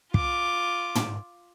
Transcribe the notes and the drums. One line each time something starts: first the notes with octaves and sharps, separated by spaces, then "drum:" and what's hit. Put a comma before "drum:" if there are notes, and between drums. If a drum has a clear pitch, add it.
F4 D6, drum: kick
drum: tom